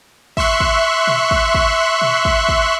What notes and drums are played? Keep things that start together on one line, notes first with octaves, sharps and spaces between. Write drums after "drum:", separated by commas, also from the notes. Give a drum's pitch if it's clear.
E5 C6 C#6 F#6, drum: kick
drum: kick
drum: tom A#2
drum: kick
drum: kick
drum: tom A#2
drum: kick
drum: kick